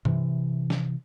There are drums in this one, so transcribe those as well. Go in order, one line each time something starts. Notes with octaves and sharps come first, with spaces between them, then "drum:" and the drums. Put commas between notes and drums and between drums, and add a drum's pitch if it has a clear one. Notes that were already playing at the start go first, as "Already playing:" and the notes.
C3 E3, drum: tom G2
drum: snare